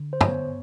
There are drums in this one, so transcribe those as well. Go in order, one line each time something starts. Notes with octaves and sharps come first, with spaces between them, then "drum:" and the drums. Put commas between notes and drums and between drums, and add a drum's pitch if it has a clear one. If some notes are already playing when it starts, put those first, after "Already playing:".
Already playing: D3
C5
B3 C#5, drum: tom